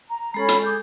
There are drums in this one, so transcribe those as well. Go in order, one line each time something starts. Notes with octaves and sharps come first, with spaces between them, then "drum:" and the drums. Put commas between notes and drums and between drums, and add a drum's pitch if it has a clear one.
A#5
G#3 C#4 A4 B5
drum: hi-hat
G#4 D6 G6